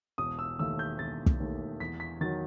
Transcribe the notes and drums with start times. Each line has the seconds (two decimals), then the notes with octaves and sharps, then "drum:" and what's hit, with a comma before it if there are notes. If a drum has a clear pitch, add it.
0.18 E1 D#6
0.39 E6
0.59 D#2 D#3 A3 E6
0.79 G6
0.99 E1 A6
1.26 drum: kick
1.40 D#2 D#3 A3
1.80 E2 B6
2.00 B6
2.21 D#3 F#3 A6